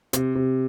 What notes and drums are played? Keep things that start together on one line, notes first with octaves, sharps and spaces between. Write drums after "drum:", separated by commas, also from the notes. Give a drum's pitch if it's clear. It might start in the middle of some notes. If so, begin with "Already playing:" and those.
C3, drum: hi-hat
C3